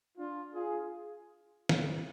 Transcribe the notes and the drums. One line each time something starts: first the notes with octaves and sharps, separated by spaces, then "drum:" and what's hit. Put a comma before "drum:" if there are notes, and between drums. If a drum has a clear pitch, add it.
D4 F4
F4 G#4
drum: snare